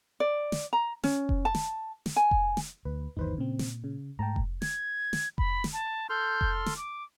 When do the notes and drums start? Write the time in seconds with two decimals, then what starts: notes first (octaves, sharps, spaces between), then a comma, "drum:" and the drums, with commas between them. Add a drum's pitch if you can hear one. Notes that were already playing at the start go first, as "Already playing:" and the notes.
0.20 D5
0.52 drum: snare
0.73 A#5
1.04 C#4, drum: snare
1.29 drum: kick F1
1.45 A5
1.55 drum: snare
2.06 drum: snare
2.16 G#5
2.31 drum: kick F1
2.57 drum: snare
2.85 D2 B4
3.17 G1 D#2 E3 D#4 B4 C5
3.38 A#2 C#3 C4
3.59 drum: snare
3.84 C#3
4.19 G#2 A3 G5 A5 A#5
4.36 drum: kick F1
4.62 G#6, drum: snare
5.13 drum: snare
5.38 B5, drum: kick F1
5.64 drum: snare
5.73 A5
6.09 A4 C6 F6 G6
6.41 drum: kick F1
6.66 drum: snare
6.77 D6